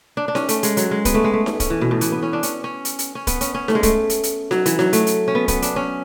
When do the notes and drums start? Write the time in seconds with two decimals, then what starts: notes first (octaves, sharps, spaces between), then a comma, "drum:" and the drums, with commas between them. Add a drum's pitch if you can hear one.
0.17 D4
0.28 D4
0.35 C#4, drum: snare D#4
0.49 A3, drum: hi-hat
0.63 G#3, drum: hi-hat
0.77 F#3, drum: hi-hat
0.91 G#3
1.05 B3, drum: kick, hi-hat
1.15 A3
1.24 G#3
1.33 A3
1.46 drum: snare D#4
1.60 C#4, drum: kick, hi-hat
1.70 E3
1.81 B2
1.91 A2
2.01 E3, drum: hi-hat
2.12 B3
2.23 C#4
2.33 D4
2.43 C#4, drum: hi-hat
2.64 C#4
2.85 drum: hi-hat
2.99 drum: hi-hat
3.15 C#4
3.27 B3, drum: kick, hi-hat
3.41 C#4, drum: hi-hat
3.54 C#4
3.68 A3, drum: snare D#4
3.75 G#3
3.83 A3, drum: kick, hi-hat
4.10 drum: hi-hat
4.23 drum: hi-hat
4.51 F#3, drum: snare D#4
4.66 E3, drum: hi-hat
4.79 F#3, drum: snare D#4
4.93 A3, drum: hi-hat
5.07 drum: hi-hat
5.28 C#4
5.35 B3
5.48 B3, drum: kick, hi-hat
5.62 D4, drum: hi-hat
5.76 C#4